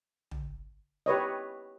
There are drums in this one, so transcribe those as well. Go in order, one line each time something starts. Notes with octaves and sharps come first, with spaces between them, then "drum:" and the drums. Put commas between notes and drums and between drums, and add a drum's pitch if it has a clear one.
drum: tom
G4 B4 C#5 D#5